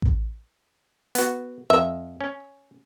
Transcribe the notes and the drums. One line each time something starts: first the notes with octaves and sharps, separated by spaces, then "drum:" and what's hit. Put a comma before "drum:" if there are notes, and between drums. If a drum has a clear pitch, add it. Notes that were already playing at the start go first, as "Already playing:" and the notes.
drum: kick A1
B3 F#4, drum: hi-hat
F2 E5
C#4